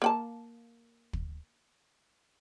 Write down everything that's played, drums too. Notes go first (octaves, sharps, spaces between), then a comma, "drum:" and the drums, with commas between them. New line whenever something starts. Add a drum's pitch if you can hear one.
A#3 F#5 A5
drum: kick